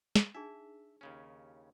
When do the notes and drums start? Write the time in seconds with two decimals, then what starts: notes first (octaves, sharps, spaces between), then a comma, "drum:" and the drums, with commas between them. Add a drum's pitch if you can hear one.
0.15 drum: snare
0.35 D4 D#4 G#4 E5
1.01 D#2 C#3 C#4